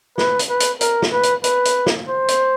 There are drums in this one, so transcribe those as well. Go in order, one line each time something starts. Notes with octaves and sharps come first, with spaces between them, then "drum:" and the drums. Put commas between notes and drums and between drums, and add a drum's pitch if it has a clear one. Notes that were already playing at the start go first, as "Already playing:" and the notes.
B4, drum: snare
drum: hi-hat
B4
drum: hi-hat
A#4, drum: hi-hat
drum: snare
B4
drum: hi-hat
B4, drum: hi-hat
drum: hi-hat
drum: snare
C5
drum: hi-hat